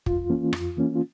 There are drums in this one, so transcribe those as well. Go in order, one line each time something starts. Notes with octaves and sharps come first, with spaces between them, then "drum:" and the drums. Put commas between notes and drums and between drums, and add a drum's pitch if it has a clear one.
F2 F4, drum: kick
E3 A#3 C#4
F2, drum: rim click
E3 A#3 C#4
F4